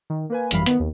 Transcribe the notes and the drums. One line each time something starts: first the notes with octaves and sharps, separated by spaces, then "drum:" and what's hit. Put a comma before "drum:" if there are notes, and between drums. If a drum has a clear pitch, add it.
D#3
A#3 B4 G#5
G#1 F#2 E3 G3 F5 B5, drum: hi-hat
D#3 B3, drum: hi-hat
D#2